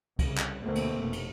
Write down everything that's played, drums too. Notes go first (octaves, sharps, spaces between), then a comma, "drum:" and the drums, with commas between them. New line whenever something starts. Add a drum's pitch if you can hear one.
C2 C#3, drum: kick, cymbal
drum: clap
D2 B2 A3 A#3 C4
drum: cymbal
F1
drum: cymbal